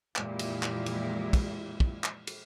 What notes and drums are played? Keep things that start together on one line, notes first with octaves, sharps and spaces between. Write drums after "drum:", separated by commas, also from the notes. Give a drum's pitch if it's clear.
F2 A#2 E3 G#3 E4 G4, drum: clap
drum: cymbal
drum: clap
drum: cymbal
drum: kick, cymbal
drum: kick
drum: clap
drum: cymbal